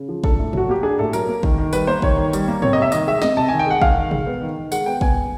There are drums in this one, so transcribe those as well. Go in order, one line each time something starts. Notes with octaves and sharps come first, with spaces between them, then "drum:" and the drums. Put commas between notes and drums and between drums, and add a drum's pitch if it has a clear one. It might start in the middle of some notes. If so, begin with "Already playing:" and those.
Already playing: C#3
F3
D4 A4, drum: kick
A2
F#3 F#4, drum: tom G#2
A#3 G4
D4 G#4
A2 A4
F#3 A#4, drum: tambourine
A#3
D#3, drum: kick
D#3
G3 B4, drum: tambourine
A#3 C5
D#3 C#5, drum: kick
D#3
G3, drum: tambourine
A#3
C4 C#5, drum: tom G#2
D#5
C3 E5
D#3 D#5, drum: tambourine
G#3 E5
C4 D#5, drum: snare
C3 A5
D#3 G#5
G5
G#3 F#5
D#3 F5, drum: kick
D#3
G#3, drum: tom A#2
B3
D#3
D#3
G#3 F#5, drum: tambourine
B3 G5
B3 G#5, drum: kick